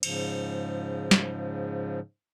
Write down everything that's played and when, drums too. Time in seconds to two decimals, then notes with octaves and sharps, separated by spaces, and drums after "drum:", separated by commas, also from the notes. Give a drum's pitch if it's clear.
0.03 G#2 C#3 F3, drum: cymbal
1.11 drum: snare